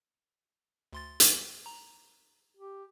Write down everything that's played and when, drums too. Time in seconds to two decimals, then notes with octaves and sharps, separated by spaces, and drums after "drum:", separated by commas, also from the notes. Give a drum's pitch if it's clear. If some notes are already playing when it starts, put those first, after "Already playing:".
0.93 D2 C6 A6
1.20 drum: hi-hat
1.66 A#5
2.57 G4